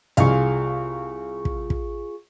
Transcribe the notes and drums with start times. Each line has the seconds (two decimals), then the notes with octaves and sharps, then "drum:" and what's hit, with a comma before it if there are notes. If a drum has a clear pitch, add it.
0.17 C2 F4 G#4 F5 C#6, drum: hi-hat
1.45 drum: kick
1.70 drum: kick